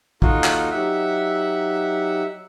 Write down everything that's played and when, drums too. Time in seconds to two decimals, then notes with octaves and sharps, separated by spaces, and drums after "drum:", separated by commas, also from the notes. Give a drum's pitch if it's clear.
0.22 D#2 D#4 F4 F#4 A4, drum: kick
0.44 drum: clap
0.71 F#3 D#4 G4 E5 F#5